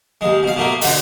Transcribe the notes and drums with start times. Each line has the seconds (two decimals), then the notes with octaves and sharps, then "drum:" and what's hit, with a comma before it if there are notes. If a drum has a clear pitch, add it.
0.21 D#2 G#3
0.43 B2 F5
0.56 B2 A3 A#3
0.81 B2 D3, drum: open hi-hat